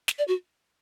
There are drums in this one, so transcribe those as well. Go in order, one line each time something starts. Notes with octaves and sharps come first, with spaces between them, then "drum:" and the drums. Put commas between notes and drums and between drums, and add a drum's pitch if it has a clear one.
drum: snare
D5
F#4